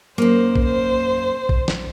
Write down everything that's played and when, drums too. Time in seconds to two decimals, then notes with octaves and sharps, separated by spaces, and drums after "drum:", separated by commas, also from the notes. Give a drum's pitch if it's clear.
0.18 F#2 A#3 C5
0.56 drum: kick
0.65 C5
1.49 drum: kick
1.68 drum: snare